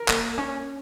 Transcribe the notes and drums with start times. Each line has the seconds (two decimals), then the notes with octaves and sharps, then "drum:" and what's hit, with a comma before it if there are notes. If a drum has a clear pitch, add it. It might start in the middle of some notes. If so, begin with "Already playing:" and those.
Already playing: A#4
0.08 A#3, drum: clap
0.38 C#4